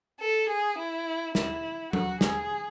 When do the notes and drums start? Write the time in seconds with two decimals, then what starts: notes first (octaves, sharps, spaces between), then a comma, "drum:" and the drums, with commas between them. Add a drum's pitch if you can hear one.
0.20 A4
0.50 G#4
0.78 E4
1.35 E4, drum: snare
1.93 F#4, drum: tom F#3
2.21 G#4, drum: snare